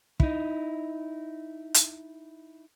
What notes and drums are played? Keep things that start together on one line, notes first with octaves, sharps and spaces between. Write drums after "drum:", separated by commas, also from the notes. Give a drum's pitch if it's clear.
D#4 E4, drum: kick
drum: hi-hat